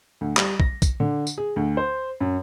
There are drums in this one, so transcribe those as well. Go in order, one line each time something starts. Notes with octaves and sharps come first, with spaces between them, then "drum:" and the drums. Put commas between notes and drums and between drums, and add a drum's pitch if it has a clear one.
D2
G3, drum: clap
A#6, drum: kick
drum: kick, tambourine
D3
drum: tambourine
G#4
D2
C5
F#2